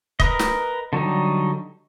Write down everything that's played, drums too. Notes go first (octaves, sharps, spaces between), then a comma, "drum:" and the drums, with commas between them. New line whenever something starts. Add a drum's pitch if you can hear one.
A#4 B4 D#5, drum: kick
drum: snare
D3 F#3 G3 D#4